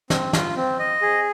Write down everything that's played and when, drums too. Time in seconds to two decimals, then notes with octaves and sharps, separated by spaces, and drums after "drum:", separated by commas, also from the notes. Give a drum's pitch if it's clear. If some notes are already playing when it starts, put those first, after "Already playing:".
0.10 C4, drum: snare
0.33 F4, drum: snare
0.56 C4
0.79 D#5
1.02 G#4